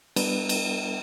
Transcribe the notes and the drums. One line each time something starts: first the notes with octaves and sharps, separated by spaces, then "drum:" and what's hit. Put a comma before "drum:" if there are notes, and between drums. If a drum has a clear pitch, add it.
G3 B3 D4 B4, drum: cymbal
drum: cymbal